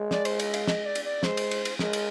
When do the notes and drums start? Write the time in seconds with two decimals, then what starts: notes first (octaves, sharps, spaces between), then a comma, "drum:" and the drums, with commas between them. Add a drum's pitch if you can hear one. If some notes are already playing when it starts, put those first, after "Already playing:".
Already playing: G#3
0.11 D5, drum: snare
0.25 C5, drum: cymbal
0.39 D#5, drum: cymbal
0.54 F5, drum: cymbal
0.67 D#5, drum: snare
0.85 D5
0.95 drum: cymbal
1.05 D5
1.23 G#3 C5, drum: snare
1.37 drum: cymbal
1.51 drum: cymbal
1.65 drum: cymbal
1.79 G#3 A#4, drum: snare
1.93 drum: cymbal